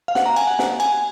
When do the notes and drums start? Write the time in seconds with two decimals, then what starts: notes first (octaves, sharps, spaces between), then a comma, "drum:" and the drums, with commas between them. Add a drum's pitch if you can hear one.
0.08 F5
0.15 F#5, drum: snare
0.26 A#5
0.36 G#5, drum: cymbal
0.47 F#5
0.59 F#5, drum: snare
0.80 G#5, drum: cymbal